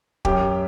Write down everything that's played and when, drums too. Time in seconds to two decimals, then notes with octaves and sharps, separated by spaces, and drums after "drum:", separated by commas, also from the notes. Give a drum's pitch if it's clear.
0.25 F#2 G4, drum: kick